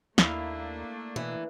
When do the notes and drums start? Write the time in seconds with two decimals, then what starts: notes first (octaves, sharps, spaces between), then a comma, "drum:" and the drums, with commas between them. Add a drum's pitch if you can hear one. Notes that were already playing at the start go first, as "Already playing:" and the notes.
0.18 D#2 A3 A#3 D4 E4 F5, drum: snare
1.16 B2 E3